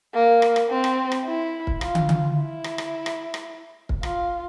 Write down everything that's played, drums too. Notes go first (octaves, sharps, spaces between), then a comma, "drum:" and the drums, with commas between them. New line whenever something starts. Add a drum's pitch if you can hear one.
A#3
drum: rim click
drum: rim click
C4
drum: rim click
drum: rim click
E4
drum: kick
F4, drum: rim click
drum: tom
drum: tom
E4
drum: rim click
drum: rim click
drum: rim click
drum: rim click
drum: kick
F4, drum: rim click